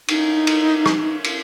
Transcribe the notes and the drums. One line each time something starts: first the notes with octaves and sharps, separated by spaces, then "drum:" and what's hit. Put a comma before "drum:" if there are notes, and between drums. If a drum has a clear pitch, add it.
D#4, drum: cymbal
drum: cymbal
drum: rim click
drum: cymbal